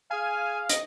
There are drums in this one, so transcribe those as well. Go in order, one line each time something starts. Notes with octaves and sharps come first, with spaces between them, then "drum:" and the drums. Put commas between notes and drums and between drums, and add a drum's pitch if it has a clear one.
G#4 F5 G#5
D#5, drum: hi-hat